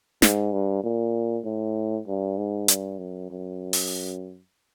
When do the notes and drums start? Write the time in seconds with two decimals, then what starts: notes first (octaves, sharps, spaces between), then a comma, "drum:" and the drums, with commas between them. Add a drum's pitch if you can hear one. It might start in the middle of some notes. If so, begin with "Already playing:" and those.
0.22 G#2, drum: snare
0.52 G2
0.84 A#2
1.45 A2
2.07 G2
2.38 G#2
2.68 G2, drum: hi-hat
2.99 F#2
3.30 F#2
3.73 drum: open hi-hat